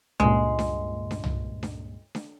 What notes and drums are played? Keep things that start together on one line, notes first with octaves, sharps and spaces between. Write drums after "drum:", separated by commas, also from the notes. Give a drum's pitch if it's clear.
C#2 G2 A#2 G#3
drum: snare D4
drum: snare D4
drum: tom C2
drum: snare D4
drum: snare D4